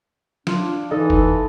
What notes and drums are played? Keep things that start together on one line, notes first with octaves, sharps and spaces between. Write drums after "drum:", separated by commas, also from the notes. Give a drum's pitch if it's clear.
D4 F4, drum: snare
E3 D#4 A4 D#5
drum: kick F#1